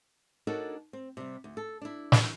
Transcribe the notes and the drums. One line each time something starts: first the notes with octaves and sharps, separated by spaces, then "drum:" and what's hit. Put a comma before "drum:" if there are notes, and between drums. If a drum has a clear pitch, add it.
D4 D#4 F#4 A4 A#4 C#5
C4
C3 G3
D2
A4
D4 E4
drum: snare